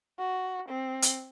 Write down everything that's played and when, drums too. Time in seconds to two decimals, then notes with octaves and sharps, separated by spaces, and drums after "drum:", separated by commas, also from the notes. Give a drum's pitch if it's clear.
0.19 F#4
0.69 C4
1.02 drum: hi-hat